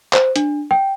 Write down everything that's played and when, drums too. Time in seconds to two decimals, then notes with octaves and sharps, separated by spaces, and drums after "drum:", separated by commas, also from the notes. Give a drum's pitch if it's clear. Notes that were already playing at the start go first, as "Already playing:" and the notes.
0.13 C5, drum: clap
0.36 D4, drum: hi-hat
0.71 G5